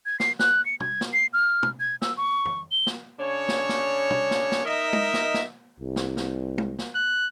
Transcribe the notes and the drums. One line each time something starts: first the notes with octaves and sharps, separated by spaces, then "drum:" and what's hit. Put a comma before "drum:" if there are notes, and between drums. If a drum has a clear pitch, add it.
G#6
C7, drum: snare
F#6, drum: snare
C#7
G#6, drum: tom
drum: snare
C7
F6
drum: tom
G#6
E6, drum: snare
C#6
drum: tom
G7
drum: snare
C#3 D4 C#5
drum: snare
drum: snare
drum: tom
drum: snare
drum: snare
D#4 A#4 D#5 E5
drum: tom
drum: snare
drum: snare
C2
drum: snare
drum: snare
drum: tom
drum: snare
F#6